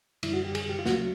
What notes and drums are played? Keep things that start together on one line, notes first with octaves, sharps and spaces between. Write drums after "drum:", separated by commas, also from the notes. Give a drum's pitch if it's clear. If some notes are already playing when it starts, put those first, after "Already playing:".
F#2 D3 G3 E4, drum: cymbal
F#4
G4
G#4, drum: cymbal
G4
F4
D2 C#3 F#3 A3 F#4, drum: snare